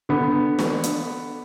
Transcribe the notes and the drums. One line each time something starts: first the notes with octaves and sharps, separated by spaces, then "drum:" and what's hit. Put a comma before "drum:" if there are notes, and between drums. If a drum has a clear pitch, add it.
D3 B3
drum: snare
drum: hi-hat